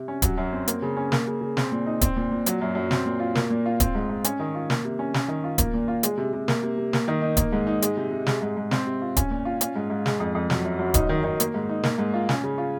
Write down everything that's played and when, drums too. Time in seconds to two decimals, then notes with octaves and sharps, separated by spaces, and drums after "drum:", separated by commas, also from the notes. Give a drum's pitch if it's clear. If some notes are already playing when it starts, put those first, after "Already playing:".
Already playing: C3
0.08 C#4
0.22 F#3, drum: kick D1, hi-hat
0.38 F#2
0.53 C4
0.67 A#3, drum: hi-hat
0.82 C#3
0.97 C#4
1.12 A#3, drum: snare
1.27 C#3
1.41 C#3
1.57 C4, drum: snare
1.72 A#2
1.86 D#4
2.01 C4, drum: kick D1, hi-hat
2.16 A#2
2.31 A#2
2.46 F#3, drum: hi-hat
2.61 F#2
2.75 F#2
2.91 C4, drum: snare
3.06 A#2
3.20 F4
3.35 A#3, drum: snare
3.50 A#2
3.66 F4
3.80 C4, drum: kick D1, hi-hat
3.95 G#2
4.09 G#2
4.24 C#4, drum: hi-hat
4.39 D#3
4.55 F4
4.70 A#3, drum: snare
4.85 C3
4.99 C#4
5.14 C#4, drum: snare
5.28 D#3
5.44 F4
5.58 A#3, drum: kick D1, hi-hat
5.74 A#2
5.88 F4
6.03 G#3, drum: hi-hat
6.18 C3
6.33 C3
6.48 A#3, drum: snare
6.63 C3
6.77 C3
6.93 A#3, drum: snare
7.08 D#3
7.22 D#4
7.37 A#3, drum: kick D1, hi-hat
7.53 G#2
7.67 D#4
7.82 G#3, drum: hi-hat
7.97 C3
8.11 C3
8.26 G#3, drum: snare
8.42 G#2
8.57 G#2
8.71 C4, drum: snare
8.86 C3
9.02 F4
9.16 C#4, drum: kick D1, hi-hat
9.30 A#2
9.45 F4
9.61 C#4, drum: hi-hat
9.76 G#2
9.90 G#2
10.06 G#3, drum: snare
10.20 F2
10.35 F2
10.50 F#3, drum: snare
10.64 F#2
10.79 F#2
10.94 D#4, drum: kick D1, hi-hat
11.09 D#3
11.24 D#3
11.40 A#3, drum: hi-hat
11.54 G#2
11.69 D#4
11.83 A#3, drum: snare
11.98 G#2
12.14 F4
12.29 C#4, drum: snare
12.44 C#3
12.58 F4